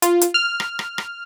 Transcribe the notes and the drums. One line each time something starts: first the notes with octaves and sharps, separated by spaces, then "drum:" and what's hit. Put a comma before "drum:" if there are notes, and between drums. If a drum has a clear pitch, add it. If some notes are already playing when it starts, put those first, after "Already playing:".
F4, drum: hi-hat
drum: hi-hat
F6
drum: rim click
drum: rim click
drum: rim click